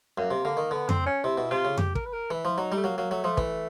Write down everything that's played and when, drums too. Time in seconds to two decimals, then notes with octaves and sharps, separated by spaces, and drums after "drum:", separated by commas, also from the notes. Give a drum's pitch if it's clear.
0.18 F#2 A#3
0.31 C3
0.45 D3 A#3
0.57 D#3
0.71 D3 B3
0.89 C4, drum: tom F2
1.06 C#4
1.24 C3 E4
1.38 B2
1.51 C3 F4
1.65 C#3
1.78 G4, drum: tom F2
1.95 A#4, drum: kick
2.06 B4
2.13 A#4
2.31 E3 E4
2.45 F3
2.58 F#3 D#4
2.72 G3
2.77 A3
2.84 F#3 A#3
2.98 F#3 A#3
3.11 F#3 A3
3.24 F3 A3
3.37 E3, drum: kick